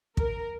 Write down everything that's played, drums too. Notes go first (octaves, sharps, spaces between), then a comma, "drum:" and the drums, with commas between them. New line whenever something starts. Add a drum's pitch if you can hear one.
A#4, drum: kick